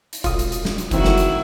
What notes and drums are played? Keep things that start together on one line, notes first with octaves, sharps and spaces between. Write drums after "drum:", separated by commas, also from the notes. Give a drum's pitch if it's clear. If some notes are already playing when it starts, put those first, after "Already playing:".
drum: hi-hat
E1 F4 D#6, drum: kick A1, hi-hat
drum: hi-hat
drum: hi-hat
drum: snare
drum: hi-hat
F#1 D#3 E3 C4 E4 F#4, drum: kick A1, hi-hat
drum: snare
drum: hi-hat